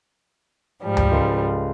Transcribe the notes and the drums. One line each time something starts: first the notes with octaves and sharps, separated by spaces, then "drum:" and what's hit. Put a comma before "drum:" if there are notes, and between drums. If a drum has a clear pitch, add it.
G#2 F3 G3
drum: tom D2
C#2 A4 C#7